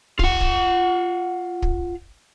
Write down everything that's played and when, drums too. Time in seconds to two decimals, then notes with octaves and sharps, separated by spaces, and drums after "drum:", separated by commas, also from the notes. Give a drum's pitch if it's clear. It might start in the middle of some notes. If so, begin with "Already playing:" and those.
0.19 F4 F#5, drum: kick
0.41 drum: kick
1.62 drum: kick